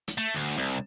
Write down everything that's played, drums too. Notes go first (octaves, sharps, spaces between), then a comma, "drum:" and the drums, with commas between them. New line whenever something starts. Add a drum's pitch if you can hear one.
drum: hi-hat
A3
D2
C2